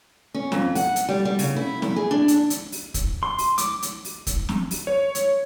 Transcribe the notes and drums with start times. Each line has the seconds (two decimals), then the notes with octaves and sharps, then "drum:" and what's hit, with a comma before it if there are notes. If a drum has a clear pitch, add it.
0.34 C#4
0.52 F2, drum: snare
0.75 F#5, drum: open hi-hat
0.96 drum: hi-hat
1.09 G3
1.25 G3
1.39 C#3, drum: open hi-hat
1.56 E4
1.82 E4, drum: snare
1.96 G#4
2.11 D4
2.28 drum: hi-hat
2.50 drum: hi-hat
2.72 drum: open hi-hat
2.94 drum: kick, hi-hat
3.23 C6
3.38 drum: open hi-hat
3.58 D6, drum: hi-hat
3.83 drum: hi-hat
4.05 drum: open hi-hat
4.27 drum: kick, hi-hat
4.49 drum: snare
4.71 drum: open hi-hat
4.87 C#5
5.15 drum: hi-hat